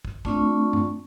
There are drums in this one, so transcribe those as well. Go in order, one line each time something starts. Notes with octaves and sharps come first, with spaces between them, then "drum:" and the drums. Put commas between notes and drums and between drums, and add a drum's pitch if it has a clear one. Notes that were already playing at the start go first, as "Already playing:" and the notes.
drum: kick
A3 C4 D4 F4 D5 C#6, drum: kick
drum: tom F#2